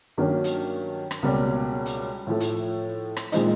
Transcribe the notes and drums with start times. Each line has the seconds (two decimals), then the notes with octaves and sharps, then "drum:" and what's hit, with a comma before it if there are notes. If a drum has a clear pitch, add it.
0.18 G2 D#3 F#3 A#3 C#4
0.44 drum: hi-hat
1.11 drum: rim click
1.23 C#2 B2 G3 A#3 C#4
1.86 drum: hi-hat
2.27 A2 F3 A3
2.40 drum: hi-hat
3.16 drum: rim click
3.32 A#2 F3 G#3 C4 D#4, drum: hi-hat